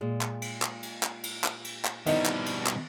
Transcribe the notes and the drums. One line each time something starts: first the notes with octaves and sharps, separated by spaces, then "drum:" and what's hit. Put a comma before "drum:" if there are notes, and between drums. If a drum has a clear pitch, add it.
A#2 G#3
drum: clap
drum: cymbal
drum: clap
drum: cymbal
drum: clap
drum: cymbal
drum: clap
drum: cymbal
drum: clap
B2 D#3 G3 B3 C4 D#4 E4, drum: cymbal
drum: clap
drum: cymbal
drum: clap